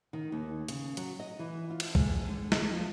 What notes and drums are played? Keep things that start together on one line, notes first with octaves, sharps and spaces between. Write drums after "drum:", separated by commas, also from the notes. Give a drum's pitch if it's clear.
D#3
D#2
C#3, drum: hi-hat
F#3, drum: hi-hat
D#5
E3
F4
drum: cymbal
G#3, drum: kick
D3
drum: snare
F3